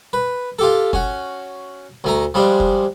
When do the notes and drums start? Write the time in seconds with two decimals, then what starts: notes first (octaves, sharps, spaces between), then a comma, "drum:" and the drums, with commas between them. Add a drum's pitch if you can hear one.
0.13 B4
0.59 F4 G4 A4
0.93 C#4 F#4, drum: kick
2.04 D2 A3 A#5
2.34 F3 G3 G#3 D4
2.60 drum: kick